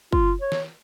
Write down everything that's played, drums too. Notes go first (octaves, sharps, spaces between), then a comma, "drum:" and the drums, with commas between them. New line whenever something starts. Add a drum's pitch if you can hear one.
F4, drum: kick
C#5
drum: snare